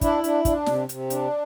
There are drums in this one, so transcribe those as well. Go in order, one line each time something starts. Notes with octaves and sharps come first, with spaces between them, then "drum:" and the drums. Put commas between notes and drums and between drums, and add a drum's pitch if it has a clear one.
D4 E4, drum: kick, hi-hat
D4, drum: hi-hat
D4, drum: kick, hi-hat
C3, drum: snare
C3, drum: hi-hat
D4, drum: hi-hat